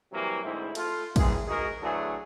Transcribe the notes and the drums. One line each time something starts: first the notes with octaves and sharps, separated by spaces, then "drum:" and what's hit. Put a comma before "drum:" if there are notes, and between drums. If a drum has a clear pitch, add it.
C3 E3 F#3 G3 A#3
D2 G#2 C4 E4
A3 F4, drum: cymbal
G#1 E3 G#3 A#3 G#4, drum: kick, cymbal
G#2 D#4 F#4 G#4 A#4
D3 E3 F#3 A3 G#4